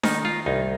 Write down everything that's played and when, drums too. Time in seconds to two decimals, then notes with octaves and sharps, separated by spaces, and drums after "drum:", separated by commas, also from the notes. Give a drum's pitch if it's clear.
0.03 D#3 D#4, drum: snare D4
0.25 F4
0.46 C2 D#4